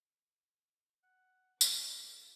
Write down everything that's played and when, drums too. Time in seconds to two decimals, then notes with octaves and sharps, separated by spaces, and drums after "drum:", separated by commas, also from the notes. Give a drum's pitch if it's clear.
1.03 F#5
1.61 D3 F4 D5 D6, drum: tambourine